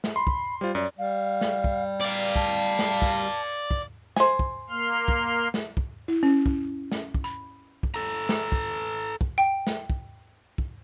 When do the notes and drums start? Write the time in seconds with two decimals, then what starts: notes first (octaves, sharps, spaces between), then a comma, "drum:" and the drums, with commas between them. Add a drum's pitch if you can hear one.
0.04 drum: snare
0.16 B5 C6
0.27 drum: kick
0.61 G3 F4 C5
0.75 F#2 D5
0.99 G3 F5
1.41 drum: snare
1.64 drum: kick
2.00 D5 F5
2.35 A5, drum: kick
2.79 drum: snare
3.02 drum: kick
3.71 drum: kick
4.16 C5 G#5, drum: snare
4.39 drum: kick
4.70 A#3 C6 F6
5.08 drum: kick
5.54 drum: snare
5.77 drum: kick
6.08 E4
6.23 C#4
6.46 drum: kick
6.92 drum: snare
7.14 drum: kick
7.24 B5
7.83 drum: kick
7.94 A4 A#5
8.29 drum: snare
8.52 drum: kick
9.21 drum: kick
9.38 G5
9.67 drum: snare
9.90 drum: kick
10.58 drum: kick